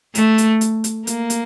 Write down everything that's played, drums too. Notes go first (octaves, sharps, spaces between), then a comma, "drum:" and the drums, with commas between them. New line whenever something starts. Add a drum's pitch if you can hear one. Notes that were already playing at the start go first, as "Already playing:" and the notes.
A3, drum: hi-hat
drum: hi-hat
drum: hi-hat
drum: hi-hat
A#3, drum: hi-hat
drum: hi-hat